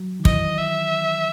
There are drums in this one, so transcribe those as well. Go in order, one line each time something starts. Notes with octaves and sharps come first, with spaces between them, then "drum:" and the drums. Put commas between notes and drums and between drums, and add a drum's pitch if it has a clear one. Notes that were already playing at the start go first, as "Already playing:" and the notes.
Already playing: F#3
D#3
E3 D#5, drum: kick
E5